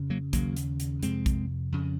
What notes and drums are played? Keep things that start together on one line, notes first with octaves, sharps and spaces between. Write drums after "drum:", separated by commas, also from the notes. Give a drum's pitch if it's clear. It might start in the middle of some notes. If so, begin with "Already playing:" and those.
Already playing: F2 C#3
F#3 A#3
D#2 C#3 F#3 A#3, drum: kick A#1, hi-hat
drum: hi-hat
drum: hi-hat
F2 C3 G#3 C4, drum: hi-hat
drum: kick A#1, hi-hat
F2 C#3